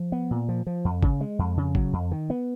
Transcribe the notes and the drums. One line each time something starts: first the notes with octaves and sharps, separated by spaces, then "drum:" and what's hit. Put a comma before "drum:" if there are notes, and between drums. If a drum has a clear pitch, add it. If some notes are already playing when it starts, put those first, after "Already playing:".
Already playing: F3
B3
A#2
F3
F3
F2
C#3, drum: kick
G#3
F2
C#3
F#3, drum: kick
F2
D#3
B3